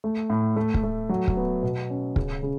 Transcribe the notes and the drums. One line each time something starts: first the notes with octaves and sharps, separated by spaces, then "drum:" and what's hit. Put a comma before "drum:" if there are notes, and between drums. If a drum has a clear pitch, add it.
A3
A2
A3
drum: kick
A3
F#3
drum: kick
B3
B2
C#4
C#3, drum: kick
C#3